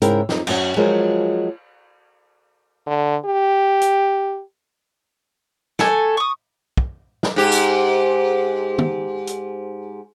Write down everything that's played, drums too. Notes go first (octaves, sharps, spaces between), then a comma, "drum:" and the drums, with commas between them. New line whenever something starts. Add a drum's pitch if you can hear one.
G#2 C#3 E4 A#4 G5, drum: hi-hat
F2 D#4, drum: snare
F#2 C#4 F#4, drum: cymbal
F3 F#3 G#3 F4 G#4 A#4
D3
G4
drum: hi-hat
A3 A4 G#5, drum: snare
C#6 D#6
drum: kick
drum: snare
G#2 G4
drum: tambourine
drum: tom
drum: hi-hat